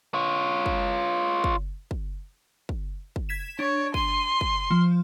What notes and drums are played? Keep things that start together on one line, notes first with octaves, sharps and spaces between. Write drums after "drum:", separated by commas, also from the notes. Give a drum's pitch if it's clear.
F4 C#5
drum: kick
drum: kick
drum: kick
drum: kick
drum: kick
G#6 B6 E7
D4 C#5
C6 D#7, drum: kick
drum: kick
F3